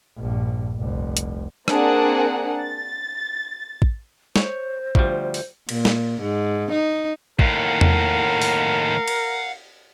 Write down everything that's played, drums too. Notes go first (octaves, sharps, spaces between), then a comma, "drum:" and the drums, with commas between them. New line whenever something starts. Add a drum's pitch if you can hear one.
A#1 G2
F1 C2
drum: hi-hat
A#3 C4 D4 G#4 A#4 F#5, drum: rim click
A6
drum: kick A1
C5 C#5, drum: snare
D2 F3 G3, drum: kick A1
drum: open hi-hat
A#2, drum: cymbal
drum: snare
G#2
D#4
D#2 A2 A#4 F5 F#5, drum: kick A1
drum: tom E2
drum: open hi-hat
drum: cymbal